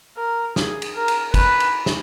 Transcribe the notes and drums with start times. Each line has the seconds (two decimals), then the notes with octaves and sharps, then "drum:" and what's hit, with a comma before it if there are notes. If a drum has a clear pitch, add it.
0.17 A#4
0.56 G#4, drum: snare
0.82 drum: cymbal
0.95 A#4
1.08 drum: cymbal
1.34 B4, drum: kick, cymbal
1.60 drum: cymbal
1.86 drum: snare